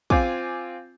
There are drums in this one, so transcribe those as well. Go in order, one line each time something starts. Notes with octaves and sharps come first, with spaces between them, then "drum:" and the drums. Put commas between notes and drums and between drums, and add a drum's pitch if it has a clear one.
C4 F4 G#5 D6, drum: kick